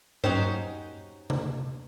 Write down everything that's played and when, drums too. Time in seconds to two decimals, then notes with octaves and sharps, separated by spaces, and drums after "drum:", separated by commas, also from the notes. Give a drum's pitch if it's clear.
0.24 F#3 C#4 D#4 G4 C5, drum: tom G2
1.30 drum: tom C3